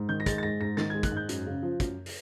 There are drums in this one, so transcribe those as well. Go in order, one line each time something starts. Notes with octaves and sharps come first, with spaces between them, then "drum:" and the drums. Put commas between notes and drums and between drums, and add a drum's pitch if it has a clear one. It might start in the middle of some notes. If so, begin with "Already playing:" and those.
Already playing: G#2
D#3 G6
A#6
G#3 A6, drum: kick, hi-hat
A6
G#2 A#6
G#2 A#6
D#3 A6, drum: snare
G#3 G#6
F#6, drum: kick, hi-hat
G#2 G6
F#2, drum: hi-hat
C#3
F3
F#2, drum: kick, hi-hat
drum: open hi-hat